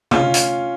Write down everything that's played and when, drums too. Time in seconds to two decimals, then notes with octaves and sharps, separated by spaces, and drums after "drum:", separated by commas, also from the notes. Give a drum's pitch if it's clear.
0.11 C#4 F4, drum: tom C3
0.34 drum: hi-hat